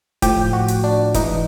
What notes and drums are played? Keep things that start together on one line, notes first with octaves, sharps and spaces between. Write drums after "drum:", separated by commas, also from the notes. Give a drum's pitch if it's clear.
A2 F3 G4, drum: kick F1, hi-hat
F#4
drum: hi-hat
D4
G#2 E3 D#4, drum: kick F1, hi-hat